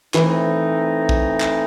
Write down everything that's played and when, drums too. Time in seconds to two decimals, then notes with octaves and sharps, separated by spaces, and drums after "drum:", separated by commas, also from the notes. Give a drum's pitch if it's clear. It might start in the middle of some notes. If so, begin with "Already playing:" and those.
0.14 E3 A3 C4 D#4, drum: clap
1.09 drum: kick
1.41 drum: clap